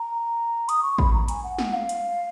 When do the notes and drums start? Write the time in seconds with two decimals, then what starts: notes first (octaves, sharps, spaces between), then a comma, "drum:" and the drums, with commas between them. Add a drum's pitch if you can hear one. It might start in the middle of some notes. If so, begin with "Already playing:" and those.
Already playing: A#5
0.69 D#6, drum: hi-hat
0.83 C#6
0.98 B5, drum: kick A1
1.13 A#5
1.28 G#5, drum: hi-hat
1.44 F#5
1.58 F#5, drum: snare
1.74 F5
1.89 drum: hi-hat